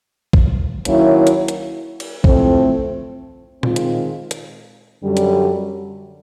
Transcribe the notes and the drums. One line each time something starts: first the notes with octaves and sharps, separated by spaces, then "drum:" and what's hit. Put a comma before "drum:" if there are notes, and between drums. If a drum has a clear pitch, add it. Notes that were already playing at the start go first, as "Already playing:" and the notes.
drum: kick
D#3 F#3 A#3 C#4 E4, drum: hi-hat
drum: hi-hat
drum: hi-hat
drum: cymbal
A2 F3 A3 C4, drum: kick
D#3 G#3 C4 F4, drum: tom A#2
drum: hi-hat
drum: hi-hat
F#2 D3 G3
drum: hi-hat